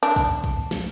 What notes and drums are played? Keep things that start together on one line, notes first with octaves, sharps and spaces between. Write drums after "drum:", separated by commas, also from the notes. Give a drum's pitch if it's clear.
D4
drum: kick, cymbal
drum: kick, cymbal
drum: snare